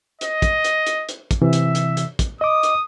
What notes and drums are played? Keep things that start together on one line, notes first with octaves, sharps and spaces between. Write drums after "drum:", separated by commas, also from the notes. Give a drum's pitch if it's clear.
D#5, drum: hi-hat
drum: kick, hi-hat
drum: hi-hat
drum: hi-hat
drum: hi-hat
drum: kick, hi-hat
C3 E3 E5
drum: hi-hat
drum: hi-hat
drum: hi-hat
drum: kick, hi-hat
D#5 D6 D#6
drum: hi-hat